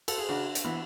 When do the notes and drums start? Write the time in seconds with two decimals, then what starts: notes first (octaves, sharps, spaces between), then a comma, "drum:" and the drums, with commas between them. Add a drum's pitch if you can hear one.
0.08 A4, drum: cymbal
0.18 G#4
0.29 C#3 D4 F#4
0.55 drum: hi-hat
0.64 E3 B3